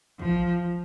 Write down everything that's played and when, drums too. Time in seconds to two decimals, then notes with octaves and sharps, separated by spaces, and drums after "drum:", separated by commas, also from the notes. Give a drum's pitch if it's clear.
0.19 F3, drum: kick